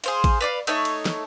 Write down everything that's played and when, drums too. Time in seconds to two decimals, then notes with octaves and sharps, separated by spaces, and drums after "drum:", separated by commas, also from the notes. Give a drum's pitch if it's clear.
0.04 G#4 C5 F5, drum: cymbal
0.24 drum: kick A1, cymbal
0.41 B4 D5 F5
0.67 A3 D#4 C#5, drum: cymbal
0.85 drum: cymbal
1.06 drum: snare